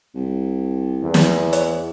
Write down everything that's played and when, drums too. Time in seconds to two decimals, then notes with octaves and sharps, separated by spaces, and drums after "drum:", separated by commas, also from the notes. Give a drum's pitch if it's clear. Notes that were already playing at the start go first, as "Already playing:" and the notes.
0.14 C2
1.03 E2
1.14 drum: snare
1.53 drum: hi-hat